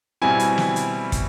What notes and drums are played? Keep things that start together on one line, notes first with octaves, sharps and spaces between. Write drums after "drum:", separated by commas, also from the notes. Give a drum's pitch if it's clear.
B2 G3 C4 E4 G#5
drum: hi-hat
drum: snare
drum: hi-hat
drum: kick, hi-hat